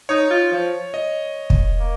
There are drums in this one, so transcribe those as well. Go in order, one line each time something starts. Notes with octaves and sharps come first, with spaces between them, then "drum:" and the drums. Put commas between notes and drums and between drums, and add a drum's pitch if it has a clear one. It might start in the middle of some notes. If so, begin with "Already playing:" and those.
D#4 C#5
F4
F3
D#5
drum: kick
A#3